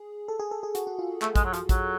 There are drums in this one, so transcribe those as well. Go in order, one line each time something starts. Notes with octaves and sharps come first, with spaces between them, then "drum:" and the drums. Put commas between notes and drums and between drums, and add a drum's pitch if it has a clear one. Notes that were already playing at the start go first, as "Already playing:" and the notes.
Already playing: G#4
A4
G#4
A4
G#4
F#4, drum: hi-hat
F#4
F4
A3, drum: clap
G#3, drum: kick, hi-hat
F#3
F3, drum: hi-hat
F#3, drum: kick, hi-hat